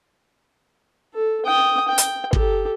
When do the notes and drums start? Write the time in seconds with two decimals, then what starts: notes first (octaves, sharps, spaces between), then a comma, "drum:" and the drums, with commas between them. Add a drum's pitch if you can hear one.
1.14 A4
1.45 G5 D#6
1.88 G5
1.98 drum: hi-hat
2.33 G4 A4, drum: kick